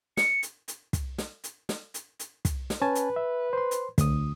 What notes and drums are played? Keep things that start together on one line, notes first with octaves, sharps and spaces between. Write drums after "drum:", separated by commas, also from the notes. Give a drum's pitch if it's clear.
C#7, drum: snare
drum: hi-hat
drum: hi-hat
drum: kick, hi-hat
drum: snare
drum: hi-hat
drum: snare
drum: hi-hat
drum: hi-hat
drum: kick, hi-hat
drum: snare
C#4 B4 G#5 A5
drum: hi-hat
E5
C5 C6
drum: hi-hat
D2 D#6, drum: kick, hi-hat